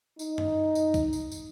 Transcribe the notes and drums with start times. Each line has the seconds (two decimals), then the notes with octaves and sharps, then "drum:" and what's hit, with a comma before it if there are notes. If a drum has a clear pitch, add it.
0.19 D#4, drum: tambourine
0.38 drum: tom F#2
0.75 drum: tambourine
0.94 drum: kick, tambourine
1.13 drum: tambourine
1.32 drum: tambourine